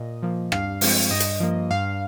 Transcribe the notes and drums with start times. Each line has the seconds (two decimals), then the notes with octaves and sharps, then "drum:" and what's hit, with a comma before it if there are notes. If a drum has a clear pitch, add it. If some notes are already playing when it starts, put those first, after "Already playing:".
Already playing: A#2 D#5
0.23 F3 A#3
0.52 G2 F5, drum: rim click
0.81 F3 G#3 C4, drum: open hi-hat
1.11 G2 D#5
1.20 drum: hi-hat
1.40 F3 A#3
1.71 G2 F5